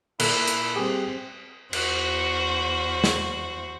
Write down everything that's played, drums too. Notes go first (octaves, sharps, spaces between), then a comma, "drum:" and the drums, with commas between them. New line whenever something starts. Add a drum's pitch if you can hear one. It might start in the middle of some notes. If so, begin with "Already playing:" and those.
A#2 E4 A4, drum: cymbal
drum: hi-hat
G3 C4 G4 G#4
E2 F#4 C5, drum: cymbal
drum: snare